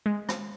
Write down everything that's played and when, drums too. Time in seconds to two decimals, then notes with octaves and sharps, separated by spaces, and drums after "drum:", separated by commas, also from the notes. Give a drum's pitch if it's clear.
0.06 G#3
0.29 drum: rim click